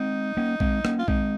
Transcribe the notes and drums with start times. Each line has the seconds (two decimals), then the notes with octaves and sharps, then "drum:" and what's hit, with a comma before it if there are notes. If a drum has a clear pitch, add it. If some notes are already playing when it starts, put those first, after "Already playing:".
Already playing: G#3 C4 D#4
0.37 A#3 C#4
0.60 G#3 C4, drum: kick A#1
0.85 A#3 C#4, drum: rim click
0.99 F4
1.08 G#3 C4 D#4, drum: kick A#1